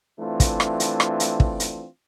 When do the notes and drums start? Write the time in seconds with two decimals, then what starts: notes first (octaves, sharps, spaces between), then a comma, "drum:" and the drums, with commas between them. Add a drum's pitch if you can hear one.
0.20 E3 A3 C4 D4 F4
0.40 drum: kick, hi-hat
0.60 drum: rim click
0.80 drum: hi-hat
1.00 drum: rim click
1.20 drum: hi-hat
1.40 drum: kick
1.60 drum: hi-hat